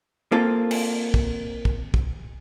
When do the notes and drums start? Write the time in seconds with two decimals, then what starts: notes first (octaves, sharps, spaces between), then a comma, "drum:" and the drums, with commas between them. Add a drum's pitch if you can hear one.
0.32 A#3 C4 F4 A4
0.71 drum: cymbal
1.14 drum: kick
1.65 drum: kick
1.94 drum: kick